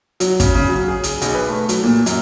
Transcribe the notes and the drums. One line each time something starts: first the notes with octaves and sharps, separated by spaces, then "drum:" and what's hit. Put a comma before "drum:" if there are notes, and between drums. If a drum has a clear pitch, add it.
F#3, drum: hi-hat
C#3, drum: kick, hi-hat
C#3
F#3
G#4
drum: hi-hat
B1, drum: hi-hat
B4
A3
F#3, drum: hi-hat
A#2
F#2, drum: hi-hat